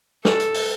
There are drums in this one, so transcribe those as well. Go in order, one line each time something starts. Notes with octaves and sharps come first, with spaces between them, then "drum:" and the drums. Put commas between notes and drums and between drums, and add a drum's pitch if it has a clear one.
A4, drum: snare
drum: hi-hat
drum: open hi-hat